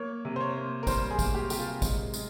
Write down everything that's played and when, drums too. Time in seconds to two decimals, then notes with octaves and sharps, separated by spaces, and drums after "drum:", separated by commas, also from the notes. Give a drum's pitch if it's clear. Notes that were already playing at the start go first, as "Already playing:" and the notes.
Already playing: A#3 C#5
0.25 C3
0.36 C5
0.41 C#5
0.56 A#3
0.83 A#4
0.87 G3 C5, drum: kick, tambourine
1.11 G#4
1.19 A#3, drum: kick, tambourine
1.34 G4
1.50 C3 G4, drum: tambourine
1.59 F4
1.82 G#3, drum: kick, tambourine
2.14 G#3, drum: tambourine